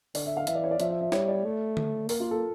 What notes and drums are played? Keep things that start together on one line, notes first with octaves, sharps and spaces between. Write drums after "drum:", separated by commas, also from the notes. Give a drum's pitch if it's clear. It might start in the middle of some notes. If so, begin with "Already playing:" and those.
D3 D5, drum: open hi-hat
E5
F5
E3 E5, drum: hi-hat
D5
C#5
D5
F3 E5, drum: hi-hat
E5
E5
G3 C#5, drum: snare
D5
A3
drum: tom D3
A#3 A#4, drum: open hi-hat
F4
A4